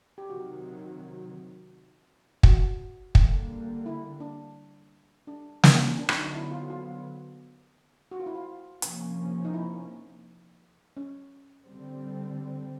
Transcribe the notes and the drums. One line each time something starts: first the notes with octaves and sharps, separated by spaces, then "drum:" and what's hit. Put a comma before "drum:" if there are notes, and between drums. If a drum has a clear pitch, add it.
G4
C3 D#3 F#3 F#4
F#4, drum: kick
D3 G3 A#3, drum: kick
E4
D4
D4
C#4, drum: snare
D4
C#4
D3 F#3 B3 D4
D4, drum: rim click
D#4
E4
F4
F4
F#4
F4
E4
F4
C3 F3 A#3 C#4, drum: hi-hat
D#4
E4
C#4
D3 G3 C4